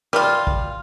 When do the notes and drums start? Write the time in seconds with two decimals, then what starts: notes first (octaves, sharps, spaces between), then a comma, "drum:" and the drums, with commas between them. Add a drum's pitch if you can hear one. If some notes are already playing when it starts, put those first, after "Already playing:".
0.13 G3 F4, drum: rim click
0.47 drum: kick